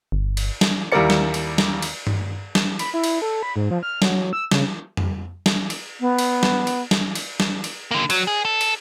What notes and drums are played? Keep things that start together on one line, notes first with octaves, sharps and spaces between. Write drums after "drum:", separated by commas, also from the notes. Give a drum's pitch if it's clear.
G1
drum: cymbal
drum: snare
D#2 G3 E4 A#4 D5 C#7
drum: snare
drum: cymbal
drum: snare
drum: cymbal
drum: tom G2
drum: snare
B5, drum: cymbal
E4
drum: cymbal
A4
B5
G#2
F3
F6
F#3, drum: snare
E6
C#3, drum: snare
drum: tom
drum: snare
drum: cymbal
B3
drum: cymbal
drum: snare
drum: cymbal
drum: snare
drum: cymbal
drum: snare
drum: cymbal
D3 A#3
F#3, drum: cymbal
G#4
A4
drum: cymbal